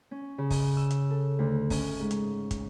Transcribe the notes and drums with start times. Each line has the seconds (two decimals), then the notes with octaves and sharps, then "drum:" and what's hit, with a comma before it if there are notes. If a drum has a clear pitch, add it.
0.11 C#4
0.38 C#3
0.50 drum: kick, open hi-hat
0.77 E6
0.91 drum: hi-hat
1.11 A4
1.39 D2
1.70 C#4, drum: kick, open hi-hat
2.00 G#2
2.11 drum: hi-hat
2.51 drum: kick, hi-hat